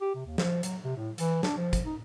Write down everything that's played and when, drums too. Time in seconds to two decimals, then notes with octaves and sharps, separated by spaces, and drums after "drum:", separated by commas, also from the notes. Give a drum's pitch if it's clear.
0.01 G4
0.15 C3
0.26 D#2
0.38 F3, drum: snare
0.63 F#3, drum: hi-hat
0.84 C3
0.97 A2
1.18 E3, drum: hi-hat
1.43 D4, drum: snare
1.57 F3
1.73 drum: kick, hi-hat
1.85 D#4